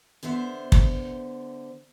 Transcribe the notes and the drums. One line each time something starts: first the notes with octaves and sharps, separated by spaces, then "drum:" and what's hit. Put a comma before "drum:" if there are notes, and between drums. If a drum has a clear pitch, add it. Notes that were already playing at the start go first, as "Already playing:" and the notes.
D3 B3 C5 E5
drum: kick